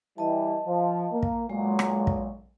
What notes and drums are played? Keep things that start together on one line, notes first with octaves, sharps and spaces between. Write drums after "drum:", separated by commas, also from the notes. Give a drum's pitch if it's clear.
E3 G3 E4 D#5 A5
F3
A#3
drum: kick
B1 A#2 F#3 G#3
drum: rim click
drum: kick